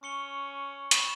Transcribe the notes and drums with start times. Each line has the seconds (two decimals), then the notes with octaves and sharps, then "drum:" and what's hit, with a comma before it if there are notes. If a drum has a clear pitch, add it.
0.03 C#4 C#6 C#7 G7
0.91 B5 C#6 E7, drum: hi-hat